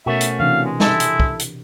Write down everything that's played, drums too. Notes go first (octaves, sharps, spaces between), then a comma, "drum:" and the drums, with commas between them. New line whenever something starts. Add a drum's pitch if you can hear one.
B2 A3 C#4 F#4 A#4 E5
drum: hi-hat
C3 E3 D4 F5
G#3
E4 A4 A5, drum: snare
drum: hi-hat
drum: kick
drum: hi-hat